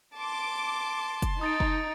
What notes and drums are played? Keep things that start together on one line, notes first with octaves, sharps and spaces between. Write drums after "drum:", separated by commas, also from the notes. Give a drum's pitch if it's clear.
A5 C6 D6
drum: kick, hi-hat
D#4 D#6 A6 D7
drum: kick